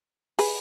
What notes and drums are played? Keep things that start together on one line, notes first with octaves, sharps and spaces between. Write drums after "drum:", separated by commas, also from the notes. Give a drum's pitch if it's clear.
G#4 B4, drum: open hi-hat